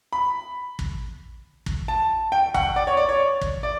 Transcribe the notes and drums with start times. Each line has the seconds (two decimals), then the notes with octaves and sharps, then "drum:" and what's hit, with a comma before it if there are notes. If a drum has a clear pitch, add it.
0.13 B5
0.79 drum: kick
1.66 drum: kick
1.88 A5
2.32 G5
2.54 F#5, drum: kick
2.76 D5
2.87 C#5
2.97 D5
3.09 C#5
3.41 drum: kick
3.63 D5